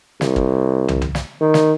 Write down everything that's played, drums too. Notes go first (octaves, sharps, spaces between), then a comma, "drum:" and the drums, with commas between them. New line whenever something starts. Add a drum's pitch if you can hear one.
C2, drum: snare
drum: kick
drum: tom
drum: tom
drum: snare
D#3
drum: snare